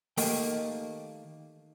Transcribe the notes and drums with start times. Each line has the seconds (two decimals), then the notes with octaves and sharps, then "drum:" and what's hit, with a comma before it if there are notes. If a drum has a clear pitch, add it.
0.17 D#3 A3 A#3 G4 G5, drum: open hi-hat